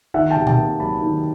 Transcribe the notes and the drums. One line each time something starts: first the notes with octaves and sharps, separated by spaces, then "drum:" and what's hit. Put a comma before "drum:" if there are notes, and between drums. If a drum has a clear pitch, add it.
D#3 E5 F#5
G5 A5
C3
G5 A5, drum: tom A#2
A#3
F#3 A5 B5
D#3